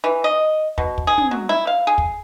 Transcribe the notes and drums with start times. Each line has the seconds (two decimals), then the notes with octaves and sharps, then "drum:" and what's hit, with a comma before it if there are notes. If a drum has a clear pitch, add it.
0.04 E3
0.24 D#5
0.78 B2, drum: kick
0.98 drum: kick
1.07 G#4
1.18 drum: tom
1.31 F#3
1.49 E4
1.67 F5
1.87 G#4
1.98 drum: kick